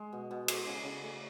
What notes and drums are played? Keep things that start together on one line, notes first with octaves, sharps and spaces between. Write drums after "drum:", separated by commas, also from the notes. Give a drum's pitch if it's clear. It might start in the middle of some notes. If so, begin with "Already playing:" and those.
Already playing: G#3
B2
B2
G#3, drum: cymbal
C#3 G#5
C#3
A3